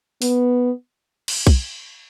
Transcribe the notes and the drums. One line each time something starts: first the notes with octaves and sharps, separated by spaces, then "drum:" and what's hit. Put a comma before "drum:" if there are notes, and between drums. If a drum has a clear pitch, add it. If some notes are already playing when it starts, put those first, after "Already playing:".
B3, drum: open hi-hat
drum: cymbal
drum: kick B1